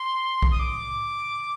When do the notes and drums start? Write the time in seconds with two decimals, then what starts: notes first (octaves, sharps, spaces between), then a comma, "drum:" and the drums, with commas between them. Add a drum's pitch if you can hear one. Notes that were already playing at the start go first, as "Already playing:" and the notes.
Already playing: C6
0.42 drum: kick B1
0.52 D#6
0.59 D6